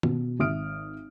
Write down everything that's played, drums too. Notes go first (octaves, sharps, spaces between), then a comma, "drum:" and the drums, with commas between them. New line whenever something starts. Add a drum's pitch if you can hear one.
B2, drum: tom D#3
G#1 E5 D#6 F6 D7